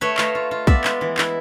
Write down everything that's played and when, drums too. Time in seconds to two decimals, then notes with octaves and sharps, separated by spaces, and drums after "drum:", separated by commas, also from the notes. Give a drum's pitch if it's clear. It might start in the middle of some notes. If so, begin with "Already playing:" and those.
0.01 A3 B4 C#5
0.18 A3 D#5 F5, drum: clap
0.35 F4
0.51 F4
0.67 B3 D5 E5, drum: kick
0.84 G#3, drum: clap
1.01 E3
1.18 E4, drum: clap